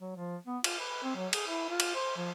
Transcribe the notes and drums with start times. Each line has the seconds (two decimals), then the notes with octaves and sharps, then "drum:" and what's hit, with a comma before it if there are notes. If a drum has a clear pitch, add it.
0.01 F#3
0.16 F3
0.47 B3
0.64 F4, drum: cymbal
0.79 B4
1.03 C4
1.15 F#3
1.33 G#4, drum: cymbal
1.48 E4
1.69 F4
1.80 drum: cymbal
1.95 C5
2.17 F3